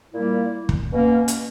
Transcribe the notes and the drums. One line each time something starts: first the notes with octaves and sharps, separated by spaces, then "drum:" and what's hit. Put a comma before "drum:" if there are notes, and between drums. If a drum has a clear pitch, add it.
A#2 G3 A#3 E4
drum: kick
B2 A#3 C#4
drum: hi-hat